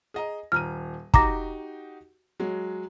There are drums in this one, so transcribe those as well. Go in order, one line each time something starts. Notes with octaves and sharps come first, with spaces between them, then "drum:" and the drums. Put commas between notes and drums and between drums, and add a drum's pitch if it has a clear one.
G#4 D#5 A#5
D#1 A#5 F6 D#7
D#4 F#4 G4 A#5 D6 A#6, drum: kick
F#3 G#3